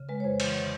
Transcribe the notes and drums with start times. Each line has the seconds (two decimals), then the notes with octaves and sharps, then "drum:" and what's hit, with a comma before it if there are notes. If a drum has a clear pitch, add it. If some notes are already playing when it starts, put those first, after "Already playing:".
Already playing: C#3
0.09 G#3 B4
0.20 C#5
0.24 F2 C5
0.40 E3, drum: cymbal
0.55 D3